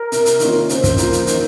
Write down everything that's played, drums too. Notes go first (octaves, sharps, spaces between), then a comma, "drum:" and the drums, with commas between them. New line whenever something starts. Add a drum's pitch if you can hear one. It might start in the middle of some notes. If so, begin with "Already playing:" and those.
Already playing: A#4
C3, drum: hi-hat
drum: hi-hat
D#3 A#3 C#4 F4, drum: hi-hat
A#4
C#3 C5, drum: hi-hat
drum: kick, hi-hat
F3 A#3, drum: hi-hat
drum: hi-hat
D#3, drum: hi-hat